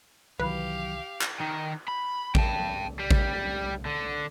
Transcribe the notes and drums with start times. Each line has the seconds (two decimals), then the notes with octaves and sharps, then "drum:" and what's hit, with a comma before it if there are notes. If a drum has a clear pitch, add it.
0.40 C2 D#3 E3 F#3 G4 B4 F5
1.21 drum: clap
1.40 D#3
1.88 B5
2.35 G5 A5, drum: kick A1
2.99 G3
3.11 drum: kick A1
3.86 D3